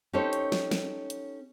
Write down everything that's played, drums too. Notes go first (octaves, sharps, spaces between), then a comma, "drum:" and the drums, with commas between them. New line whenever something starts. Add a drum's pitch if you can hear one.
C#4 D#4 G4 A4 C5 C#5
drum: hi-hat
drum: snare
drum: snare
drum: hi-hat